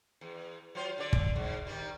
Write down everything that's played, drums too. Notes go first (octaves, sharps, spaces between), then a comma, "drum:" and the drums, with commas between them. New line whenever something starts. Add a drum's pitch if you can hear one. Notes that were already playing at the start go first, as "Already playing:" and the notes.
E2
F#3 F4 C5
D3 D5
drum: kick
G#2
D#3 G3